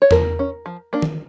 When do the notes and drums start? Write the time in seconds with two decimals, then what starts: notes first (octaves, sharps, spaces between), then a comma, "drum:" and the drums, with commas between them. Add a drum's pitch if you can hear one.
0.02 C#5
0.11 F3 A#4, drum: tom E2
0.39 C#4
0.66 F3
0.93 A#3 D4
1.02 drum: tom D#3